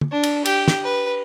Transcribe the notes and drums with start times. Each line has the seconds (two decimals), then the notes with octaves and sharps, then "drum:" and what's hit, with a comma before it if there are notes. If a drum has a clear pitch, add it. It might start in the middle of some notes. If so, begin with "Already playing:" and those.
0.01 drum: tom D3
0.12 D4
0.23 drum: cymbal
0.46 G4, drum: cymbal
0.68 drum: snare
0.84 B4